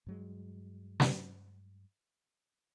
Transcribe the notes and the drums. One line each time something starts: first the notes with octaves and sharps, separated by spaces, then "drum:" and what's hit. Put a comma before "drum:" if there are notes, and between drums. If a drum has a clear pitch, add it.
G2 F#3 G#3
drum: snare